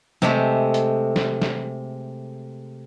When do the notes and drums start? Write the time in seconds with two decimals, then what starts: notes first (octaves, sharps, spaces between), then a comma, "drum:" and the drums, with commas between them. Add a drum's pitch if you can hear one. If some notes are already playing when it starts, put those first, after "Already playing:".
0.22 C3 G#3 A3, drum: snare
0.74 drum: hi-hat
1.16 drum: snare
1.42 drum: snare